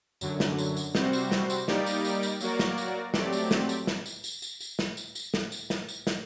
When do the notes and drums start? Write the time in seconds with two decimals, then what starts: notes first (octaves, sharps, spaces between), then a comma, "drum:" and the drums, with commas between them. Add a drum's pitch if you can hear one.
0.21 F#2 D3 F#3, drum: tambourine
0.40 drum: snare
0.58 drum: tambourine
0.77 drum: tambourine
0.95 C3 G3 C4 F#4 C5, drum: snare
1.13 drum: tambourine
1.31 drum: snare
1.50 drum: tambourine
1.68 G3 A#3 D#4 G4 D5, drum: snare
1.86 drum: tambourine
2.05 drum: tambourine
2.23 drum: tambourine
2.41 F#3 A#3 F#4 A#4 D5, drum: tambourine
2.59 drum: snare
2.78 drum: tambourine
3.14 F#3 A3 C4 G4 D5, drum: snare
3.33 drum: tambourine
3.51 drum: snare
3.69 drum: tambourine
3.87 drum: snare
4.06 drum: tambourine
4.24 drum: tambourine
4.42 drum: tambourine
4.60 drum: tambourine
4.79 drum: snare
4.97 drum: tambourine
5.15 drum: tambourine
5.34 drum: snare
5.52 drum: tambourine
5.70 drum: snare
5.88 drum: tambourine
6.07 drum: snare